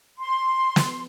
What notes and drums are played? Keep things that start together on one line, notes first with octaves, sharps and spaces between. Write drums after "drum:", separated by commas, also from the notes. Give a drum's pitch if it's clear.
C6
drum: snare